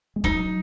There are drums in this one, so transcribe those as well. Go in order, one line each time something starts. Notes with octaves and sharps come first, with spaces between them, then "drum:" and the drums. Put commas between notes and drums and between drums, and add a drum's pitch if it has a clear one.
G#3
F#3 D#4, drum: kick E1